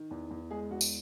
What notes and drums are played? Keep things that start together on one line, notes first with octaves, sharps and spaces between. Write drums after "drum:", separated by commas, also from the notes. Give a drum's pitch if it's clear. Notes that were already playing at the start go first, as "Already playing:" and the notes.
Already playing: D#3
E2
E2
G#3 G#4
E2 F#4
drum: tambourine